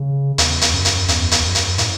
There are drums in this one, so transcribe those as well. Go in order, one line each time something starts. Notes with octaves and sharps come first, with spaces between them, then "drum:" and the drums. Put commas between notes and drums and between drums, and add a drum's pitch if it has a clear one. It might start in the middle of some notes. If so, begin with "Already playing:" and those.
Already playing: C#3
E2, drum: hi-hat
drum: hi-hat
F#2
drum: hi-hat
E2, drum: hi-hat
drum: hi-hat
F#2
drum: hi-hat
A2, drum: hi-hat